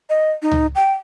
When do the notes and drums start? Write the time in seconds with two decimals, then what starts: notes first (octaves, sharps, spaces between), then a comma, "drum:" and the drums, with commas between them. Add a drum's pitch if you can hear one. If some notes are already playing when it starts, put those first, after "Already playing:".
0.10 D#5
0.42 D#4
0.51 drum: tom C#2
0.75 G5